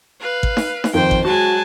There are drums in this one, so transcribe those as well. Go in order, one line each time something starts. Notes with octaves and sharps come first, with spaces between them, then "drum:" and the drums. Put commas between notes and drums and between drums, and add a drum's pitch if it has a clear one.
B4 F5
drum: kick
drum: snare D#4
drum: snare D#4
F2 D#3 C5 G5
drum: kick
F#3 G#3 F#4 G#5 A5